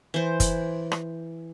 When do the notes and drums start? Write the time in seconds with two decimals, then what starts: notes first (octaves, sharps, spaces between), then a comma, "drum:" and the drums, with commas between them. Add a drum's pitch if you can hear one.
0.14 E3 C5
0.40 drum: kick, hi-hat
0.92 drum: rim click